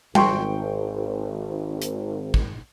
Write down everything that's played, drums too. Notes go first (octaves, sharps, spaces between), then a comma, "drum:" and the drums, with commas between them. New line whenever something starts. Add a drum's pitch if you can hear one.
G#1 G5 C6 C#6, drum: tom G3
drum: hi-hat
drum: kick